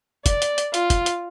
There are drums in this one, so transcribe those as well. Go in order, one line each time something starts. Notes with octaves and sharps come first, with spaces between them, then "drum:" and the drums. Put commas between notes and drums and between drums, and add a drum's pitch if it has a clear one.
D5, drum: kick, hi-hat
drum: hi-hat
drum: hi-hat
F4, drum: hi-hat
drum: kick, hi-hat
drum: hi-hat